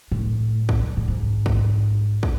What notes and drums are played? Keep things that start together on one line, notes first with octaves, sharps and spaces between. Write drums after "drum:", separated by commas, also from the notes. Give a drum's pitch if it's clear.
A2
drum: kick
A2
G#2
drum: kick
drum: kick